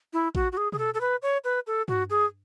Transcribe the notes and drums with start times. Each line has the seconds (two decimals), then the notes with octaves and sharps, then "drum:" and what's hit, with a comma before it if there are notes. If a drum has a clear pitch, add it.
0.13 E4
0.35 F#4, drum: kick A1
0.52 F#4
0.57 G#4
0.72 G#4, drum: tom B2
0.78 A4
0.94 A4
1.01 B4
1.22 C#5
1.44 B4
1.67 A4
1.88 F#4, drum: tom G2
2.10 G#4